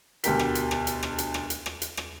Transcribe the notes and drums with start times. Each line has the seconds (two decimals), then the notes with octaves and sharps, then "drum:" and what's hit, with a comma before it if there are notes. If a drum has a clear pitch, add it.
0.24 D2 B2 G4 A#4 B6, drum: hi-hat
0.39 drum: rim click
0.55 drum: hi-hat
0.71 drum: rim click
0.87 drum: hi-hat
1.03 drum: rim click
1.18 drum: hi-hat
1.34 drum: rim click
1.50 drum: hi-hat
1.66 drum: rim click
1.82 drum: hi-hat
1.97 drum: rim click